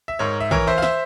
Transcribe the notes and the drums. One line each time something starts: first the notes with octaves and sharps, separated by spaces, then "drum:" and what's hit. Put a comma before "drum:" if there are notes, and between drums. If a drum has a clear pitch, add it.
E5
G#2 A#4 C#5
E5
E3 A#4 C#5, drum: kick
C5 E5
F5
C5 E5, drum: snare